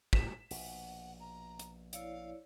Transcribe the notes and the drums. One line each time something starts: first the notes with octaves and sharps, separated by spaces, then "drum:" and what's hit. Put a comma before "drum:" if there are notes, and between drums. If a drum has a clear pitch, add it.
B6 E7, drum: kick
A#1 B2 F#5, drum: open hi-hat
A#5
drum: hi-hat
E4 C#5 D5 F5, drum: hi-hat